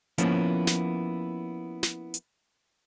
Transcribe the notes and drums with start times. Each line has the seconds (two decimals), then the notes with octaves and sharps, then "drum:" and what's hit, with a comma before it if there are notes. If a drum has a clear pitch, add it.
0.18 F3 A#3 B3 C#4 E4, drum: hi-hat
0.67 drum: snare
1.83 drum: snare
2.14 drum: hi-hat